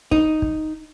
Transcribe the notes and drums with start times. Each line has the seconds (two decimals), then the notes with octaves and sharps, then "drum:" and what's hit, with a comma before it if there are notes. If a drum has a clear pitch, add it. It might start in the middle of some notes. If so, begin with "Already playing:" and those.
0.11 D#4, drum: kick
0.42 drum: kick